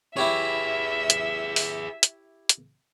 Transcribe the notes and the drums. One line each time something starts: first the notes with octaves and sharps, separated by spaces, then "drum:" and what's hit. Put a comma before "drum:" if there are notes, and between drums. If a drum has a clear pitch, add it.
E4 G4 G#4 B4 C#5 E5
drum: hi-hat
drum: open hi-hat
drum: hi-hat
drum: hi-hat